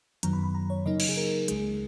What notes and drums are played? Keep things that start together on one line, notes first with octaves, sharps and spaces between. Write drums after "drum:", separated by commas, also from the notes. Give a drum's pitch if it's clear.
F#2 D#3 F#3 B3 A#5, drum: hi-hat
B5
B5
A#5
C#5
C#3 F#3 A#3 D#4 D#5
drum: cymbal
G#4
A#4
C#2 C#3 G#3 G#4, drum: hi-hat